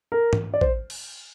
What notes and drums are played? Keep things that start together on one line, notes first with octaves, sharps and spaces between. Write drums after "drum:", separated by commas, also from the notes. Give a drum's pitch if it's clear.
A#4
drum: tom
D5
C5, drum: kick
drum: cymbal